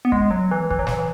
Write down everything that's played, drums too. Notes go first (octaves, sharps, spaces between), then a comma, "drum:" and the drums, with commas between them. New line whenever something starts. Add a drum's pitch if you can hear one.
B3
G#3, drum: kick
F#3
E3
E3, drum: kick
F#3
E3, drum: snare